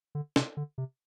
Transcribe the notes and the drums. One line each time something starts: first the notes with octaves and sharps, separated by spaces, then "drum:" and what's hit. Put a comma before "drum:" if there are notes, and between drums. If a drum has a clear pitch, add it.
D3
C3, drum: snare
D3
C3